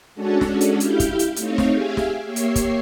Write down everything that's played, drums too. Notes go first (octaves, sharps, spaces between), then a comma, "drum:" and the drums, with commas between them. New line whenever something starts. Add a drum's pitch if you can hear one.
G#3 C#4 D4 F#4 A4
drum: snare
drum: hi-hat
E4 G4 F5 F6 G6, drum: hi-hat
drum: kick, hi-hat
drum: hi-hat
A3 C4 D#4 C#5 F5, drum: hi-hat
drum: snare
G4 G#4 E5 F5 G#5
drum: snare
A#3 G4 C#5 E5 C7
drum: hi-hat
drum: kick, hi-hat